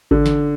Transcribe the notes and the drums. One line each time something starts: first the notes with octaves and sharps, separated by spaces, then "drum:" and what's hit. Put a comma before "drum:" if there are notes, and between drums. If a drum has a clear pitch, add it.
D3, drum: kick G#1
drum: snare